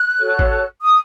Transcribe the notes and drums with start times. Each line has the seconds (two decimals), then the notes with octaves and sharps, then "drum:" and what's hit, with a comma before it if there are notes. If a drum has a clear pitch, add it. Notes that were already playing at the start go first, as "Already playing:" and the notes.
Already playing: F#6
0.19 F#4 A4 C#5
0.39 drum: kick
0.82 D#6